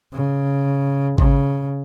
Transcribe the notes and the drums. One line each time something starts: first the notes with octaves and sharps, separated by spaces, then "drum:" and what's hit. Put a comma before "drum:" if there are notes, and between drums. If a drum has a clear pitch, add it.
C#3
C#3, drum: kick